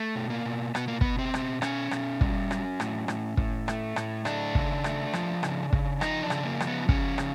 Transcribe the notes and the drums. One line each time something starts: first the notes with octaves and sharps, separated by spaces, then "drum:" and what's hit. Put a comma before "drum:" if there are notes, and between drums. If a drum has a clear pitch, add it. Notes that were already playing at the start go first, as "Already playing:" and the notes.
Already playing: A3
B2
A#3
B2
B2 B3, drum: rim click
A#3
B2 B3, drum: kick
C4
B2, drum: rim click
B2 C#4, drum: rim click
B2, drum: rim click
G3, drum: kick
F#3, drum: rim click
A2, drum: rim click
A2, drum: rim click
A2, drum: kick
A3, drum: rim click
A2, drum: rim click
A3 D4, drum: rim click
C#3, drum: kick
A3, drum: rim click
F3, drum: rim click
C#3, drum: rim click
C#3, drum: kick
F3 D#4, drum: rim click
D4
C#3, drum: rim click
A#3
F3, drum: rim click
B3
C#3 C#4, drum: kick
C#3, drum: rim click